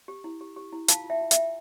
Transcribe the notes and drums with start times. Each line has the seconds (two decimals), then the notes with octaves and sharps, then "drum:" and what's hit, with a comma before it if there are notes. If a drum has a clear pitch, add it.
0.08 G4
0.24 E4
0.41 G4
0.56 G4
0.73 E4
0.88 F4 F5 A5, drum: hi-hat
1.04 F4
1.10 E5 G5
1.21 F4
1.31 E5 G5, drum: hi-hat
1.37 F4